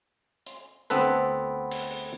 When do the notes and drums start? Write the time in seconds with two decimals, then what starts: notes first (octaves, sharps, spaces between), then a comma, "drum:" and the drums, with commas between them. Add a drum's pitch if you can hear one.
0.46 drum: hi-hat
0.90 D2 B3 C4 A4 B4, drum: hi-hat
1.71 drum: cymbal